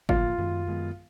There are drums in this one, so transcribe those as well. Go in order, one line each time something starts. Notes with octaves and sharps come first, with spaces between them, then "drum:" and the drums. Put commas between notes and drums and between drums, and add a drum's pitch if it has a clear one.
B1 A2 F3 A#3 F4, drum: kick
F#2 D#3 G#3 B3
F#2 D#3 G#3 B3